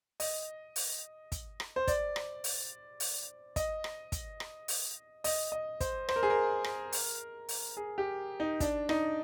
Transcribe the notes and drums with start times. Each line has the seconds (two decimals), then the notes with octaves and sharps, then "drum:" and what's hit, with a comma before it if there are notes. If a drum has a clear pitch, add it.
0.20 D#5, drum: open hi-hat
0.76 drum: open hi-hat
1.32 drum: kick, hi-hat
1.60 drum: rim click
1.76 C5
1.88 D5, drum: kick, hi-hat
2.16 drum: rim click
2.44 drum: open hi-hat
3.00 drum: open hi-hat
3.56 D#5, drum: kick, hi-hat
3.84 drum: rim click
4.12 drum: kick, hi-hat
4.40 drum: rim click
4.68 drum: open hi-hat
5.24 D#5, drum: open hi-hat
5.52 D#5
5.81 C5, drum: kick, hi-hat
6.09 C5, drum: rim click
6.16 A#4
6.23 G#4
6.30 A#4
6.64 drum: rim click
6.92 drum: open hi-hat
7.49 drum: open hi-hat
7.77 G#4
7.98 G4
8.40 D#4
8.60 D4, drum: kick, hi-hat
8.89 D#4, drum: rim click